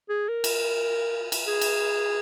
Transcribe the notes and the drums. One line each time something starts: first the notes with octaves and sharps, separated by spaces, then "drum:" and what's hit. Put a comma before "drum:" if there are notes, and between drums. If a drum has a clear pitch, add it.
G#4
A#4
drum: cymbal
drum: cymbal
G#4
drum: cymbal